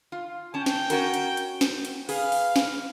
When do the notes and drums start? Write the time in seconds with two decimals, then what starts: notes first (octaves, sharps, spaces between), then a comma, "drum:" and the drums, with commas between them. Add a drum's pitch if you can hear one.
0.12 F4
0.54 C#4 G5 A5
0.66 drum: snare
0.90 C#4 F#4 A#4, drum: hi-hat
1.14 drum: hi-hat
1.37 drum: hi-hat
1.61 drum: snare
1.85 drum: hi-hat
2.09 G#4 B4 F5, drum: open hi-hat
2.32 drum: open hi-hat
2.56 drum: snare